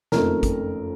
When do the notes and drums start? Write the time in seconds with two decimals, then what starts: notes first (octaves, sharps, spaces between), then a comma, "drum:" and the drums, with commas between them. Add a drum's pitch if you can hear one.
0.12 F#1 F2 D#3 A3 A#4, drum: snare
0.43 drum: kick, hi-hat